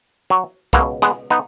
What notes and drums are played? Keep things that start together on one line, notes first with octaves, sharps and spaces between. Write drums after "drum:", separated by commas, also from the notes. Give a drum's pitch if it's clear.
F#3
C#2 B2 F#3 A#3, drum: kick
G#3 B3, drum: rim click
B3 D#4